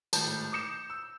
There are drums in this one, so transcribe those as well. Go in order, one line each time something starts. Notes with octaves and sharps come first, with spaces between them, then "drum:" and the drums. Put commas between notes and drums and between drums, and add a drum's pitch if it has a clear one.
G#1 A2 A5 G6, drum: tambourine
D6 D#6 G6 C#7 E7
E6